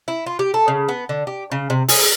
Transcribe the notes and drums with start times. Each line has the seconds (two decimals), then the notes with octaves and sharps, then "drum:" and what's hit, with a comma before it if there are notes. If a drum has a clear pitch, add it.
0.08 E4
0.26 F4
0.39 G4
0.54 A4
0.68 C#3
0.89 B3
1.09 D3
1.27 G4
1.52 C#3
1.70 C3
1.89 G#4, drum: open hi-hat